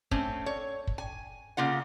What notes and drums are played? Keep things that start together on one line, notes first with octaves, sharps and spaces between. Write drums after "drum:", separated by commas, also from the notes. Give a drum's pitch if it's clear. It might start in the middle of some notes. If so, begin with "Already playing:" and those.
A3 C4 C#4, drum: kick
C#5
drum: kick
G#5
C#3 A#3 F4 F#5